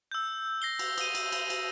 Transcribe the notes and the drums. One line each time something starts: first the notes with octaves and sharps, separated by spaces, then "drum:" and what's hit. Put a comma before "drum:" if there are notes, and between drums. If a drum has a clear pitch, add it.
E6 G6
A#6 C7 G7
drum: cymbal
D#6 D#7, drum: cymbal
drum: cymbal
drum: cymbal
drum: cymbal